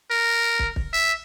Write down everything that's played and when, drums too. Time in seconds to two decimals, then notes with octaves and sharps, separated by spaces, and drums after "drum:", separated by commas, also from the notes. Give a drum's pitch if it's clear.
0.10 A#4
0.59 drum: kick
0.76 drum: kick
0.93 E5